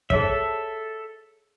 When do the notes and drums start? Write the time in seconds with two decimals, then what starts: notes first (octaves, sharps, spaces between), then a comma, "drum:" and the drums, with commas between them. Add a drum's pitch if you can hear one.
0.10 G#4 A4 C5 C#5 E5, drum: kick